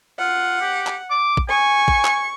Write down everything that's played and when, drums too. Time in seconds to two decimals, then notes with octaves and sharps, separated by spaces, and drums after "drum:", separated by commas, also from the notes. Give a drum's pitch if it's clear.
0.19 F4 F#5
0.61 G4
0.87 drum: clap
1.10 D6
1.37 drum: kick
1.49 G#5 C#6
1.88 drum: kick
2.05 drum: clap